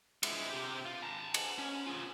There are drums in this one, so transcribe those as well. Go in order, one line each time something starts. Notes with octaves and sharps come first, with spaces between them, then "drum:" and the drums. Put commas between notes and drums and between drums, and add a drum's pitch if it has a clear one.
G#3 E4, drum: cymbal
C3 G4
F4
A5 A#5
drum: cymbal
C#4
F4 G#4